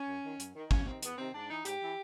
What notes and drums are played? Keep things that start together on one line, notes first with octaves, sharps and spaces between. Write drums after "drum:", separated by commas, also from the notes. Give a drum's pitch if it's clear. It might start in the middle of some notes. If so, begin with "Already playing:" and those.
Already playing: C#4
F#2
D#3
F#2, drum: hi-hat
D#3
E2 C#4, drum: kick
C3 D#3 C4
E2 B3, drum: hi-hat
C3 D#3 C4
G#2 D4
E3 D#4
G#2 G4, drum: hi-hat
E3